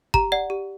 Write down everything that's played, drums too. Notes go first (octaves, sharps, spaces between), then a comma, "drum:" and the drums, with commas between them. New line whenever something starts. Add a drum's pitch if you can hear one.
G4 A#5, drum: kick
D5 F#5
G4